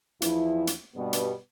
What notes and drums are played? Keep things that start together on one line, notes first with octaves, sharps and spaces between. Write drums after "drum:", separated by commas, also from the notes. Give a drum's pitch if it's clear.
E2 F3 E4, drum: hi-hat
drum: hi-hat
G2 B2 G3 B3
drum: hi-hat